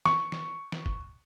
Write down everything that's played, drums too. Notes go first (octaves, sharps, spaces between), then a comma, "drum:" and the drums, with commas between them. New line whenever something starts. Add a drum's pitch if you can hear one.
C#6, drum: snare
drum: snare
drum: snare
drum: kick